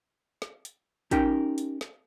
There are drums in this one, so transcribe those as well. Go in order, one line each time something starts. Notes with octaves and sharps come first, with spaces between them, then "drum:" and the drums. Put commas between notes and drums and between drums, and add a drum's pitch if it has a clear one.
drum: snare
drum: hi-hat
C#4 D#4 G4 A#4 G5, drum: kick, hi-hat
drum: hi-hat
drum: snare